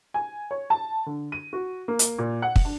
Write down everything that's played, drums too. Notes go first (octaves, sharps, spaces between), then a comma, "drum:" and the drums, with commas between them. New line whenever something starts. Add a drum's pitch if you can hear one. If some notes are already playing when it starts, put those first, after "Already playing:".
G#5
C#5
A5
D3
D#7
F#4
A#3
drum: hi-hat
A#2
F#5
drum: kick
D4